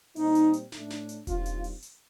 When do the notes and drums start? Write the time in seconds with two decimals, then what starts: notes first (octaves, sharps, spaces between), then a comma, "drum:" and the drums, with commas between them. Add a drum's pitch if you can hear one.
0.16 A#2 G3 C4 D#4, drum: open hi-hat
0.35 drum: hi-hat
0.53 drum: hi-hat
0.72 A2 A3 D4, drum: snare
0.90 drum: snare
1.09 drum: hi-hat
1.27 G2 D#3 G3 C4 F4, drum: kick E1, hi-hat
1.46 drum: hi-hat
1.64 drum: open hi-hat
1.82 drum: hi-hat